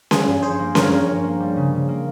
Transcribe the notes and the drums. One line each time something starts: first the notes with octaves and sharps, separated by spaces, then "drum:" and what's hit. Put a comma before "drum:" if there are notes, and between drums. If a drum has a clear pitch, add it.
F3 G#4, drum: snare C#4
G2
C#4 G#4 C5
A#3
F3 A#4 C#5, drum: snare C#4
G2
C#4
A#3
G3
C#3
C#3
A#3